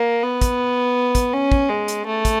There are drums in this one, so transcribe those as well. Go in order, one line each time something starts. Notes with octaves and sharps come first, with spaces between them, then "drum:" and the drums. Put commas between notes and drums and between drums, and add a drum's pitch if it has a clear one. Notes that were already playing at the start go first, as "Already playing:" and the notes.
Already playing: A#3
B3
drum: kick, hi-hat
drum: kick, hi-hat
C#4
drum: kick
G#3
drum: hi-hat
A3
drum: kick, hi-hat